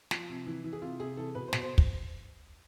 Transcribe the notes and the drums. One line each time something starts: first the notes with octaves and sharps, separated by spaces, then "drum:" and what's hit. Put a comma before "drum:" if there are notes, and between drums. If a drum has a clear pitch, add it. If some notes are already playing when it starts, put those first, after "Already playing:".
F3, drum: snare
C3
E3
E3
G#4
C3 F4
C3 G#4
E3 A4
B2 B4
C5
B2, drum: snare
C5
drum: kick